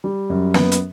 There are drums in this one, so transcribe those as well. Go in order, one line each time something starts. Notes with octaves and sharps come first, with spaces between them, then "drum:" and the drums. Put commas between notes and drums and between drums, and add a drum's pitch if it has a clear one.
G3
F#2
B3, drum: snare
drum: hi-hat